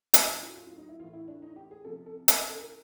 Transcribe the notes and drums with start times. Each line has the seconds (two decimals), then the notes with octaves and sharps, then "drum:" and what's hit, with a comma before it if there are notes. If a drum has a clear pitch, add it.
0.14 A2 F#3 G4, drum: hi-hat
0.42 F4
0.56 F4
0.67 F4
0.78 D#4
0.89 E4
1.00 A2 E3 F4
1.13 E4
1.28 D4
1.42 D#4
1.56 G4
1.71 G#4
1.85 C3 F3 A4
2.06 A4
2.28 A#4, drum: hi-hat
2.49 A4
2.61 A#4